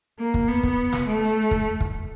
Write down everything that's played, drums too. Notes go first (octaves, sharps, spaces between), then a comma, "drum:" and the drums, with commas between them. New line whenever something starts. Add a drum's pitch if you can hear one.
A#3
drum: kick
B3
drum: kick
drum: snare
A3
drum: kick
drum: kick